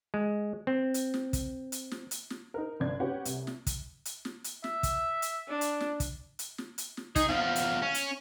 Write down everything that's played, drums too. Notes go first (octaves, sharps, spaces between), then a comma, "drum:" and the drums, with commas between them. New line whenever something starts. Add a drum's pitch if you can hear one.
G#3
C4
drum: hi-hat
drum: snare
drum: kick, hi-hat
drum: hi-hat
drum: snare
drum: hi-hat
drum: snare
D#4 A#4
G1 C#2 D4 G#6
C#4 F#4 G4 B4 C#5 F#5
C2, drum: hi-hat
drum: snare
drum: kick, hi-hat
drum: hi-hat
drum: snare
drum: hi-hat
E5, drum: snare
drum: kick, hi-hat
drum: hi-hat
D4
drum: hi-hat
drum: snare
drum: kick, hi-hat
drum: hi-hat
drum: snare
drum: hi-hat
drum: snare
D#4 G#4, drum: kick, hi-hat
E2 F3 F5
drum: hi-hat
C#4
drum: hi-hat